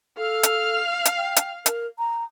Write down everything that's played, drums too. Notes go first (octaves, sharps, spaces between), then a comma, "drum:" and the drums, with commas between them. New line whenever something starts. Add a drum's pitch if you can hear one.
A4 F5 F6
drum: hi-hat
drum: hi-hat
G5
drum: hi-hat
A#4, drum: hi-hat
A#5